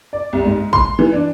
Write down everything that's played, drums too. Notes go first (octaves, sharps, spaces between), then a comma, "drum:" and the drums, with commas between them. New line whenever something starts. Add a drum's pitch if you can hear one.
D5
C2
G#2
C6, drum: kick
E3
D4